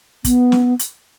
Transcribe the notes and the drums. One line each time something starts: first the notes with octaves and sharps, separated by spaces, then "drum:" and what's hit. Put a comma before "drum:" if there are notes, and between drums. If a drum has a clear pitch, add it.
B3, drum: kick, hi-hat
drum: snare
drum: hi-hat